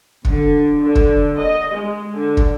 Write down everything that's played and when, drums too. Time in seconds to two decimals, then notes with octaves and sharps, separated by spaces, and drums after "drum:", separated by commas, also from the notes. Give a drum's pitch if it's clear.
0.25 D3, drum: kick
0.81 D3
0.95 drum: kick
1.38 D#5
1.73 G#3
2.15 D3
2.37 drum: kick